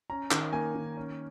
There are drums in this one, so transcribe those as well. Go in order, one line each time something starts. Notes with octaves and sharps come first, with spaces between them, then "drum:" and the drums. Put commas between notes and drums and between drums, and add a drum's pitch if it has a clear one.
C#4 A#5
D#3, drum: clap
A#3 G#5
D#3
C#4